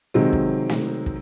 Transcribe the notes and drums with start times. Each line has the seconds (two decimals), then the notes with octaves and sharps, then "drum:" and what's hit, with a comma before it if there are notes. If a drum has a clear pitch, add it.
0.14 C3 D#3 F#3 G#3 C4
0.33 drum: kick
0.69 drum: snare
1.06 drum: kick